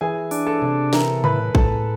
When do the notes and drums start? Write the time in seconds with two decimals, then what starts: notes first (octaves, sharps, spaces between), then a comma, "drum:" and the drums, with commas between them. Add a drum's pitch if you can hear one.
0.01 E3 G#4 G#5
0.31 D4, drum: open hi-hat
0.47 A4 A5
0.62 C3
0.93 E3 A#4 A#5, drum: snare
1.24 A2 B4 B5, drum: tom C3
1.55 A2 A4 A5, drum: kick A1